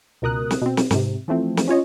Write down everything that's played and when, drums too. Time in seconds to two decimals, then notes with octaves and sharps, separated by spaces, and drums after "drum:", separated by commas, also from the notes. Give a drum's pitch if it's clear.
0.22 C#2 B2 A#4 D#6 F#6
0.51 drum: snare
0.62 B2 C4
0.77 drum: snare
0.91 G#2 C3, drum: snare
1.28 E3 F3 A3 C4
1.57 drum: snare
1.68 C#4 F4 C#5 D#5